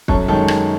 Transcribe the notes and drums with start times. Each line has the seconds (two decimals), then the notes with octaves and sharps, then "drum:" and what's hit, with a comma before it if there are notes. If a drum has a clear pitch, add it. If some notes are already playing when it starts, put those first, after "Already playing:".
0.08 F#2 A4 C#5, drum: kick
0.28 D#3 G#3 A4 C#5
0.48 drum: rim click